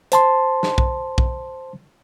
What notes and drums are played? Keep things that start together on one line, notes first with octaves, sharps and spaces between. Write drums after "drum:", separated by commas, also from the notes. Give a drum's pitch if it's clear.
C5 A5 C6, drum: hi-hat
drum: snare
drum: kick B1
drum: kick B1